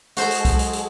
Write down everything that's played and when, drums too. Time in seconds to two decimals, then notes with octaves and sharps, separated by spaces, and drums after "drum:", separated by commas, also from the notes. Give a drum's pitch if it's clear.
0.17 G#3 F#4 G#4 A4 C5, drum: hi-hat
0.31 drum: hi-hat
0.45 drum: kick C2, hi-hat
0.59 drum: hi-hat
0.73 drum: hi-hat